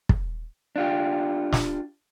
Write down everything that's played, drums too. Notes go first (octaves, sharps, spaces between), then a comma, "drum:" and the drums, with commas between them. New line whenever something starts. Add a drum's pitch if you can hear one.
drum: kick
D4 F4 G4
drum: snare